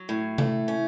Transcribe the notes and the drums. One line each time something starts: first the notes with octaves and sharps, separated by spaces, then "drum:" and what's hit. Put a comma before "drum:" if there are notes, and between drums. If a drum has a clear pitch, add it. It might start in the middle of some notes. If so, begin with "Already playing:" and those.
Already playing: F#3
A2
A3, drum: tom C3
C#4